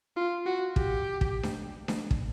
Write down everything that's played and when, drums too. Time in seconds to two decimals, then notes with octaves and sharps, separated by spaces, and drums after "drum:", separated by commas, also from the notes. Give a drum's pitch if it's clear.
0.17 F4
0.46 F#4
0.76 G4, drum: kick
1.21 drum: kick
1.43 drum: snare D4
1.88 drum: snare D4
2.11 drum: kick